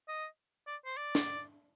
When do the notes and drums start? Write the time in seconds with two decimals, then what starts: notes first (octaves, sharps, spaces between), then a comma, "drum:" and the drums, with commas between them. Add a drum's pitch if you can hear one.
0.08 D#5
0.67 D5
0.85 C5
0.97 D5
1.15 drum: snare